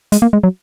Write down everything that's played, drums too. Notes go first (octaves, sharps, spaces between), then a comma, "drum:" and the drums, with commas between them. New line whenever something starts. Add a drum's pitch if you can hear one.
G#3, drum: hi-hat
A#3
G#3
F#3